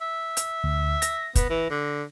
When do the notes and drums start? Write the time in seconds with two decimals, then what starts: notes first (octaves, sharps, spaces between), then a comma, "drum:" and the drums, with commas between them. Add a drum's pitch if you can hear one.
0.01 E5
0.37 drum: hi-hat
0.63 D2
1.02 A#6, drum: hi-hat
1.35 B3, drum: kick, hi-hat
1.50 E3
1.70 D3